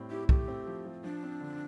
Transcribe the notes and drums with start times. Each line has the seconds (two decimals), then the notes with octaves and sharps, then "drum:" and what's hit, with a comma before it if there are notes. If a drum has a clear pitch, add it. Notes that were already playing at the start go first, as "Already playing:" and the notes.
Already playing: A2 G3 C4
0.11 E4 G4
0.29 A3 G4, drum: kick
0.48 C4
0.67 F3
0.85 F3
1.04 F3 D4
1.23 C4
1.41 D3